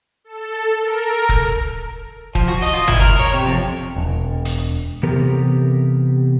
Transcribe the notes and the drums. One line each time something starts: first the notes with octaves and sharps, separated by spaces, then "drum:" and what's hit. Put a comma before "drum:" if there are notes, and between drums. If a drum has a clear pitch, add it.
A4
A#4
drum: kick
F3, drum: kick
F#4
D#5, drum: hi-hat
F4
E4, drum: tom G1
A#4
C#5
C3
F2
E1
drum: hi-hat
C3 E3 B3 G4 A4 A#4